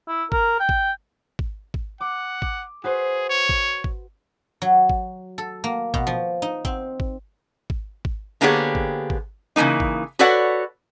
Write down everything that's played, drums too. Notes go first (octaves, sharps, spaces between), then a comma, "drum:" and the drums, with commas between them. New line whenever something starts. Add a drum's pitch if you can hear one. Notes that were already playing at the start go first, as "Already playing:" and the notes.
E4
A#4, drum: kick G#1
G5
drum: kick G#1
drum: kick G#1
drum: kick G#1
F#5 D6
D6, drum: kick G#1
F#4 G#4 B4 C5
C#5
drum: kick G#1
drum: kick G#1
F#3
drum: kick G#1
A4
A#3
B2, drum: kick G#1
F3
D#4
C4, drum: kick G#1
drum: kick G#1
drum: kick G#1
drum: kick G#1
D3 A#3 B3 G4 G#4 C#5
drum: kick G#1
drum: kick G#1
C#3 E3 G#3 A#3 D#4
drum: kick G#1
F#4 A4 B4 C#5 D5 F#5